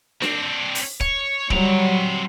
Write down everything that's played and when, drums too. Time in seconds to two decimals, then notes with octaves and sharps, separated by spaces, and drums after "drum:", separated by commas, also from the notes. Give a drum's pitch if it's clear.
0.22 C4 D4, drum: snare D4
0.75 drum: open hi-hat
1.00 C#5, drum: kick
1.50 F#3 G3 C4 A#5, drum: kick